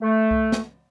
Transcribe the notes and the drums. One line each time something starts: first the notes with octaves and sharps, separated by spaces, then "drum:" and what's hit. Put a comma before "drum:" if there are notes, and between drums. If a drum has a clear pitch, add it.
A3
drum: kick C2
drum: snare